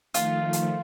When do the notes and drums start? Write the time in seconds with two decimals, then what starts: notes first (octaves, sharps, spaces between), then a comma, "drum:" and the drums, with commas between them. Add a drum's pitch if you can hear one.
0.14 D#3 F3 A3 F4, drum: hi-hat
0.53 drum: hi-hat